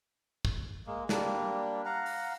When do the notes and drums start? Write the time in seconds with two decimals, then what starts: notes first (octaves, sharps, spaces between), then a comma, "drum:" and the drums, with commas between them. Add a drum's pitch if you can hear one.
0.45 drum: kick
0.87 G#3 A#3
1.09 G3 A#3 D4, drum: snare
1.85 F5 F#5 A#5
2.06 drum: open hi-hat